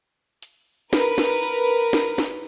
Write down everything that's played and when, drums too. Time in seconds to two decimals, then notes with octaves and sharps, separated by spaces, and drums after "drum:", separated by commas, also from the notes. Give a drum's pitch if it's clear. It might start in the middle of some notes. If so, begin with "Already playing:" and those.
0.43 drum: hi-hat
0.93 A#4 B4, drum: snare
1.18 drum: snare
1.43 drum: hi-hat
1.93 drum: snare
2.18 drum: snare